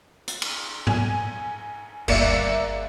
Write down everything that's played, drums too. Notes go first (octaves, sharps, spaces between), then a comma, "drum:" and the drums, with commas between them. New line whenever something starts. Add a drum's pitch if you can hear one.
drum: hi-hat
drum: cymbal
G#5, drum: tom G#2
G1 D#2 A#3 D5 E5, drum: cymbal